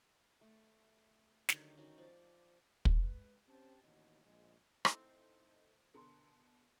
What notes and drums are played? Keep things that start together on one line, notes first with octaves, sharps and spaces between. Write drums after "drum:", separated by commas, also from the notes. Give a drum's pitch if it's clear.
A3
D3 D#3 F#3 G4, drum: snare
D#3 C#4 F#4
F3 D5
G#3 B4, drum: kick
C4 C#4 G4 C5 A5
A1 D#2 B2 F3 F#3
A#1 G#3
A3 C4 D#4 E4 G5, drum: rim click
B2 D3 A#4 A#5 C6